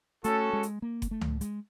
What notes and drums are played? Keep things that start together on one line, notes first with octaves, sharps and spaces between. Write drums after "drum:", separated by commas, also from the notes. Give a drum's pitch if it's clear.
A3 C#4 F#4 A4, drum: hi-hat
G#3
drum: hi-hat
A#3
drum: kick F#1, hi-hat
A3
drum: tom C#2
G#3, drum: hi-hat